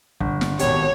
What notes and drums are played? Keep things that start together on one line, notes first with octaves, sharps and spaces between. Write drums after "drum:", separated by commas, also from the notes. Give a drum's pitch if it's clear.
G1, drum: kick
drum: snare
G#1 B2 G4 C#5, drum: hi-hat